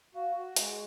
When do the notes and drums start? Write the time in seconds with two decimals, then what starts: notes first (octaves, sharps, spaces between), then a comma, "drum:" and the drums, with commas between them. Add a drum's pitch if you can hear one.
0.15 F#4 F5
0.36 F#4
0.56 G#3, drum: hi-hat